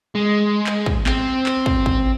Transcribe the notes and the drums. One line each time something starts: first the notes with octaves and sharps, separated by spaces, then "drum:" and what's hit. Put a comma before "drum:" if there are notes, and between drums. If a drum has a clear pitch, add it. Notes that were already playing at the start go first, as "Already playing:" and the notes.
G#3
drum: clap
drum: kick
C4, drum: clap
drum: clap
drum: kick
drum: kick